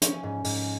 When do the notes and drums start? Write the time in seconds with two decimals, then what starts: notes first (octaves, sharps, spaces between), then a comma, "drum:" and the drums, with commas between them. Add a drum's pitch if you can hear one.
0.02 F3 C#4, drum: hi-hat
0.23 G#2
0.44 G#2, drum: open hi-hat